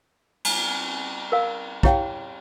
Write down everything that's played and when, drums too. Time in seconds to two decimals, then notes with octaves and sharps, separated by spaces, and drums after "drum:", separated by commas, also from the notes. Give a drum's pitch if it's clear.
0.45 drum: cymbal
1.32 A#4 F5
1.83 E4 G4 C#5 F5 G5, drum: kick